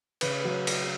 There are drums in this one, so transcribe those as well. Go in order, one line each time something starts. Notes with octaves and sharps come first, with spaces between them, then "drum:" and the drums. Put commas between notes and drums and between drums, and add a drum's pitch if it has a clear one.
C#3 B4, drum: cymbal
C#5
B4
F#3 C#4
drum: cymbal